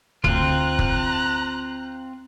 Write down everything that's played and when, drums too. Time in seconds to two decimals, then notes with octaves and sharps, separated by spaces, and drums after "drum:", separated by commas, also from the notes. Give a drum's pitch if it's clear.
0.24 D2 C4 F4 A#5 F#6, drum: kick
0.79 drum: kick